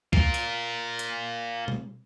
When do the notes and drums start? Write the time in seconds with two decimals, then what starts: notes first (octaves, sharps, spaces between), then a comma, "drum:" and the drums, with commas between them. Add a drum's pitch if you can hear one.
0.13 F4 A#4, drum: kick C#2
0.34 drum: hi-hat
0.99 drum: hi-hat
1.68 drum: tom B2